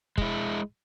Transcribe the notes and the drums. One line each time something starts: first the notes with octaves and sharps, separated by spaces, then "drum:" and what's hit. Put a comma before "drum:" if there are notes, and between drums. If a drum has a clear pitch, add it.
G#3 E4, drum: kick